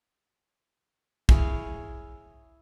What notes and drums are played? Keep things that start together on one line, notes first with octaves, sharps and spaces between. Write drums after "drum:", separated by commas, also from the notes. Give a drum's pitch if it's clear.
E4 G#4 C#5 F5, drum: kick